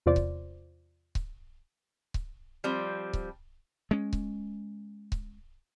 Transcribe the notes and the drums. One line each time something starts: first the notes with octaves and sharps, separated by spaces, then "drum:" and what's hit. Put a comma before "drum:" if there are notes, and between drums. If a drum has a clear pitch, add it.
E2 C3 F4 C5 D5
drum: kick C#1
drum: kick C#1
drum: kick C#1
F3 G3 C4
drum: kick C#1
G#3 C#4
drum: kick C#1
drum: kick C#1